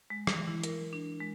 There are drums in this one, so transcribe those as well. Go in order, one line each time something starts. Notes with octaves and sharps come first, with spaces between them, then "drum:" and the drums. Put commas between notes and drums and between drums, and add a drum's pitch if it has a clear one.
G#3
E3, drum: rim click
E4
A#4, drum: hi-hat
D4
G#3